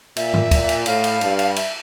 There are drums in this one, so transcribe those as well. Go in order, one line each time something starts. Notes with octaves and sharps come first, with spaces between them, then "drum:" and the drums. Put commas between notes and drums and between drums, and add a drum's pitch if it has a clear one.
A#2 E5, drum: cymbal
drum: tom G2
A#2, drum: kick, cymbal
drum: cymbal
A2 F5, drum: cymbal
drum: cymbal
G2, drum: cymbal
drum: cymbal
E5, drum: cymbal